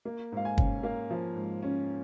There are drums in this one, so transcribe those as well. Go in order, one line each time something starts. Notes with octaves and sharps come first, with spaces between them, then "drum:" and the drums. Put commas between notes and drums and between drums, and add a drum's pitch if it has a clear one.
A#3
G#2 F5
G#5
C#4, drum: kick
A#3 F5
F3
G#2
C#4